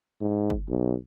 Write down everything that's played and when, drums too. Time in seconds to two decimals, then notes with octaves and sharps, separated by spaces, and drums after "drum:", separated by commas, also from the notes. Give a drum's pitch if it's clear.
0.21 G#2
0.50 drum: kick
0.69 B1